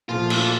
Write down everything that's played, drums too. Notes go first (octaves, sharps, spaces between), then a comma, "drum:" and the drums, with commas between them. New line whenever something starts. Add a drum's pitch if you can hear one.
A#2 F3 A3 F4
drum: cymbal